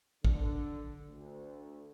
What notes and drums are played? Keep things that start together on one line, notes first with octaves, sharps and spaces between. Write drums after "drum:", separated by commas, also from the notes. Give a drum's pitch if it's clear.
D3, drum: kick
D2